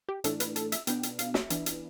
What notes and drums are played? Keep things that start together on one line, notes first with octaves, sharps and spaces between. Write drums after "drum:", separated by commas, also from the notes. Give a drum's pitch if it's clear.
G4
A2 E3 A3 D4 A4, drum: hi-hat
B4, drum: hi-hat
A4, drum: hi-hat
E5, drum: hi-hat
B2 B3 D4 G5, drum: hi-hat
drum: hi-hat
F5, drum: hi-hat
E5, drum: snare
E3 B3 D4, drum: hi-hat
drum: hi-hat